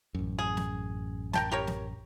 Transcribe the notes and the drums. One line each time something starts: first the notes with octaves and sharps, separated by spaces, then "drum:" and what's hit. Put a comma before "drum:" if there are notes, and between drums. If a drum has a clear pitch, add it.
A1 F#2
G#4
drum: snare
A#4 G5 A5, drum: snare
G4 A#4 C#5
drum: snare